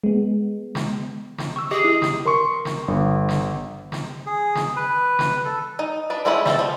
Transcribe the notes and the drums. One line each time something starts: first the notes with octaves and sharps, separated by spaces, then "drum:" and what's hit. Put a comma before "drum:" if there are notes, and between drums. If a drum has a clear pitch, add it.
G#3 B3
drum: snare
drum: snare
C#6 E6
G4 G#4 D#5 D6
E4
drum: snare
A#4 C6 C#6
drum: snare
G1
drum: snare
drum: snare
G#4
drum: snare
B4
drum: snare
A4
D#4
D4 B4
F3 G#3 C#4 E4 B5
G3 A3 F#4 A4, drum: snare
F3